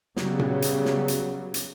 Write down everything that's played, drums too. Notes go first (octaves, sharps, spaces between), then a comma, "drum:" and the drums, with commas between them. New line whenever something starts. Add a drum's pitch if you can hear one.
C#3 F#3 G3 B3, drum: snare
drum: tom A#2
drum: hi-hat
drum: snare
drum: hi-hat
drum: hi-hat